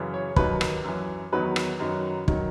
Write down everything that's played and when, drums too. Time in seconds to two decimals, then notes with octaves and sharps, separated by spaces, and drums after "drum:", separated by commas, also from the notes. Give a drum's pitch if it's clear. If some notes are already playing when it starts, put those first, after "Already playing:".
Already playing: F#2 C#3 E3
0.14 C#5
0.36 D#2 D#3 F#3 B4, drum: kick
0.61 drum: rim click
0.84 F#2 E3
1.32 E2 D#3 F#3 B4
1.56 drum: rim click
1.79 F#2 D#3 F#3
2.28 D#3 F#3, drum: kick